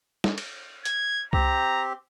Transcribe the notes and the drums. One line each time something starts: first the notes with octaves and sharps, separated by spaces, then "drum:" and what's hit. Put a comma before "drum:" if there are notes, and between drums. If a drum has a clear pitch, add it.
drum: snare
drum: cymbal
G#6, drum: hi-hat
C4 G4 A#5, drum: kick C2